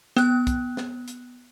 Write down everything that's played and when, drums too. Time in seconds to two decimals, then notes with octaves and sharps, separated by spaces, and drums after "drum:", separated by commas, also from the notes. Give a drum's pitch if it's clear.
0.17 B3 F#6, drum: snare
0.47 drum: kick, hi-hat
0.77 drum: snare
1.08 drum: hi-hat